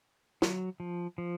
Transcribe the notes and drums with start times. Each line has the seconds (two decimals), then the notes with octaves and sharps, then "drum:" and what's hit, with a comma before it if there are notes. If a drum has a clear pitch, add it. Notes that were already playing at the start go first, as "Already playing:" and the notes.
0.42 F#3, drum: snare
0.80 F3
1.18 F3